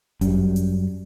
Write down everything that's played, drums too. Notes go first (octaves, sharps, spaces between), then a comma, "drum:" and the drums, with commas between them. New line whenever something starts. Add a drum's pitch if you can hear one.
F#2 G3, drum: kick G1, hi-hat
drum: hi-hat